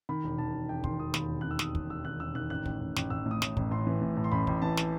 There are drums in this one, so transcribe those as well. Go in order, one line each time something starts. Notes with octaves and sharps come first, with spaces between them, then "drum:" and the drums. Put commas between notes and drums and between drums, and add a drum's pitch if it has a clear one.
D#3 B5
E1
D#3 A5
E1
E1 G5
D#3 C6, drum: kick
E1 D#6
D#2 B5, drum: snare
E1
D#3 F#6
E6
E1 D#6, drum: snare
E1, drum: kick
E1 E6
D#3 F#6
E1 E6
D#3 F#6
A1 F#6
A1, drum: kick
A1
A1, drum: snare
A1 E6
A2
D#6
A2, drum: snare
A1, drum: kick
A2 C6
E3
A2
A2
C6
A1 B5
A1, drum: kick
E3 A5
drum: snare